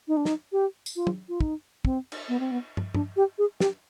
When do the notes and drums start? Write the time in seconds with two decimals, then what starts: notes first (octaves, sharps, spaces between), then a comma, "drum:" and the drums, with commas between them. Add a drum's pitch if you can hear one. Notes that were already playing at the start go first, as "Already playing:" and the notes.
0.08 D#4
0.17 D4
0.25 D#4, drum: snare
0.52 G4
0.86 drum: tambourine
0.96 F4
1.07 drum: tom
1.29 F4
1.40 D#4, drum: kick
1.85 C4, drum: kick
2.12 drum: cymbal
2.29 B3
2.40 C4
2.51 B3
2.77 drum: tom
2.95 D4, drum: tom
3.16 G4
3.38 G#4
3.60 G4, drum: snare